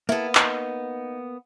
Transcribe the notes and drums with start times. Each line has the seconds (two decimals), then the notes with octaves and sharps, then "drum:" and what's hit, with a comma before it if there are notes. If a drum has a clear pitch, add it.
0.09 A#3 B3 E4 A4
0.35 D#4, drum: clap